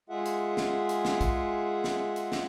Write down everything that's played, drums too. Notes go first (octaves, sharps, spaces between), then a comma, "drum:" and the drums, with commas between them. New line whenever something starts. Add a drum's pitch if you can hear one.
G#3 F4 G#4 E5 F#5
drum: hi-hat
drum: snare
drum: hi-hat
drum: snare
drum: kick, hi-hat
drum: snare
drum: hi-hat
drum: snare